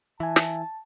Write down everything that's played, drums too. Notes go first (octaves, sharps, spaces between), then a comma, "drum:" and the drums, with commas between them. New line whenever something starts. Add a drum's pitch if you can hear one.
E3 E5 G#5 A5
drum: snare